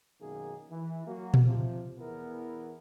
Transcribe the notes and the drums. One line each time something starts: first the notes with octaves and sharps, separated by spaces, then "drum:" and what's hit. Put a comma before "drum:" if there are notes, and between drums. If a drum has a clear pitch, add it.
F#2 B2 D#3 A#3 D#4 G#4
E3
F#3 A#3 F#4
drum: tom A#2
C3 F3
E2 E3 B3 E4 A#4